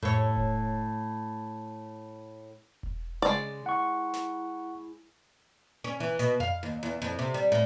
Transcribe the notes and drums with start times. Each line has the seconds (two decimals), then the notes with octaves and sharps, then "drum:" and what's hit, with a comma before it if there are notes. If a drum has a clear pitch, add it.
0.03 A2 C#5, drum: tom F2
0.36 drum: kick E1
2.83 drum: kick E1
3.22 C#3 G#3 D5
3.66 E4 F#5 C#6
4.14 drum: snare
5.84 C#4
6.00 E3
6.19 B2, drum: hi-hat
6.40 F5, drum: tom F2
6.63 D#2
6.83 E2
7.02 F2
7.19 C3
7.34 G3
7.52 A2